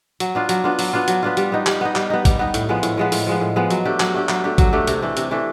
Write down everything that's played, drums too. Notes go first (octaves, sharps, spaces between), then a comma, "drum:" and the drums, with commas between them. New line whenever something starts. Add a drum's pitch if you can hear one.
F#3, drum: hi-hat
B3 D4 F4
F#3, drum: hi-hat
B3 D4 F4
F#3, drum: open hi-hat
B3 D4 F4
F#3, drum: hi-hat
B3 D4 F4
G3, drum: hi-hat
B3 D#4
G3, drum: clap
B3 D#4
G3, drum: clap
B3 D#4
G3, drum: kick, hi-hat
B3 D#4
A2, drum: hi-hat
F3 G#3 B3
A2, drum: hi-hat
F3 G#3 B3
A2, drum: open hi-hat
F3 G#3 B3
A2
F3 G#3 B3
F#3, drum: hi-hat
A3 D4 G4
F#3, drum: clap
A3 D4 G4
F#3, drum: clap
A3 D4 G4
F#3, drum: kick, hi-hat
A3 D4 G4
C3, drum: hi-hat
E3 A3 D4
C3, drum: hi-hat
E3 A3 D4